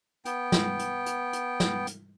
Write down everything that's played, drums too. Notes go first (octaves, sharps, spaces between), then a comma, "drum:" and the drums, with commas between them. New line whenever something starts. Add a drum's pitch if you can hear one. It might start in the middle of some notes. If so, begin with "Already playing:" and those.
B3 G5, drum: hi-hat
drum: snare
drum: hi-hat
drum: hi-hat
drum: hi-hat
drum: snare
drum: hi-hat